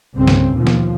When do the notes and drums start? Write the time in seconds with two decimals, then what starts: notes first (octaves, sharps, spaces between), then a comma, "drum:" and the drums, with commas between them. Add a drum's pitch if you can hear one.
0.14 C2 G2 C#3 C4
0.28 drum: snare
0.54 D#2 B2 F3
0.67 drum: snare